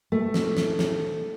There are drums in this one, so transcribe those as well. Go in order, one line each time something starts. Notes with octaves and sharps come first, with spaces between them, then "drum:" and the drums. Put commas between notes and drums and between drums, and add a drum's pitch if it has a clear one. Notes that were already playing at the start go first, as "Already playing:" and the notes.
A3
drum: snare
drum: snare
drum: snare